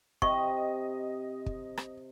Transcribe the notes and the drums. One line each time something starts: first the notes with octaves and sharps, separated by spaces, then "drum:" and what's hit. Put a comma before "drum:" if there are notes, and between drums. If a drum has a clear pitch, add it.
C3 D#5 C#6, drum: kick
drum: kick
drum: rim click